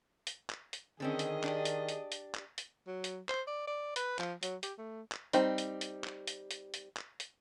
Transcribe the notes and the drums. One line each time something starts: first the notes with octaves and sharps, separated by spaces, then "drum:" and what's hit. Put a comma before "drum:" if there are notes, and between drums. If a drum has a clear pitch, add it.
drum: hi-hat
drum: clap
drum: hi-hat
D3 D#3 C4 C#4 G#4 D#5
drum: hi-hat
D4 G4, drum: clap
drum: hi-hat
drum: hi-hat
drum: hi-hat
drum: clap
drum: hi-hat
F#3
drum: hi-hat
C5, drum: clap
D5
D5
B4, drum: hi-hat
F3, drum: clap
F#3, drum: hi-hat
G4, drum: hi-hat
A3
drum: clap
G3 C4 D#4, drum: hi-hat
drum: hi-hat
drum: hi-hat
drum: clap
drum: hi-hat
drum: hi-hat
drum: hi-hat
drum: clap
drum: hi-hat